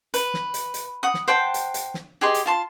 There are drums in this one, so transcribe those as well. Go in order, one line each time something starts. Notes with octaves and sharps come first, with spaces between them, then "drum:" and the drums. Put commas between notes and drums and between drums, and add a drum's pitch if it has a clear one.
B4, drum: hi-hat
drum: snare
drum: hi-hat
drum: hi-hat
F#5 D#6
drum: snare
C5 F#5 G5 A5
drum: hi-hat
drum: hi-hat
drum: snare
G4 G#4 D#5 C6
drum: hi-hat
F4 A5 C6